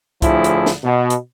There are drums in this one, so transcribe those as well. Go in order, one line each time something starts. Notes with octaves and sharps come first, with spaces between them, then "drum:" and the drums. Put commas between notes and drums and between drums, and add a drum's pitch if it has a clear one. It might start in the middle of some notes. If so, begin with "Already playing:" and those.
D2 A2 F3 E4 G#4, drum: kick C2, hi-hat
drum: hi-hat
drum: snare
B2
drum: hi-hat